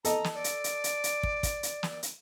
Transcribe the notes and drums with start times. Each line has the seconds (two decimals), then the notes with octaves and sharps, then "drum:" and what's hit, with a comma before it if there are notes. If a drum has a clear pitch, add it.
0.05 A4 D#5 A#5, drum: hi-hat
0.24 drum: snare
0.34 D5
0.44 drum: hi-hat
0.64 drum: hi-hat
0.84 drum: hi-hat
1.04 drum: hi-hat
1.23 drum: kick
1.43 drum: kick, hi-hat
1.63 drum: hi-hat
1.83 drum: snare
2.03 drum: hi-hat